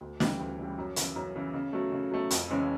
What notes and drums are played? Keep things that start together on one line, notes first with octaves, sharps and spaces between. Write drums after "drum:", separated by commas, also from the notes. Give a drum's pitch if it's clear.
D2
C#3 E3 G3, drum: snare
D2
C#3 E3 G3
F#2
C#3 E3, drum: hi-hat
F#2
C#3 E3
C#3
F#3 A3
C#3
F#3 A3
F2, drum: hi-hat
C#3 E3 G#3 C#4